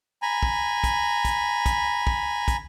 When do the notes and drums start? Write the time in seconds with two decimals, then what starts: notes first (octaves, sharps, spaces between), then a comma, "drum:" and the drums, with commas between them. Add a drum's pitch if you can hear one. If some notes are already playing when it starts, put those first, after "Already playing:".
0.22 G#5 A#5 B5
0.43 drum: kick
0.84 drum: kick, hi-hat
1.25 drum: kick, hi-hat
1.66 drum: kick, hi-hat
2.07 drum: kick
2.48 drum: kick, hi-hat